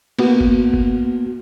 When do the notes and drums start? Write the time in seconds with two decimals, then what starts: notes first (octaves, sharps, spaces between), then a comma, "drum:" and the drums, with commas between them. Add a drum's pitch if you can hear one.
0.19 A#3 B3 F#4, drum: cymbal
0.41 drum: kick F#1
0.74 drum: kick F#1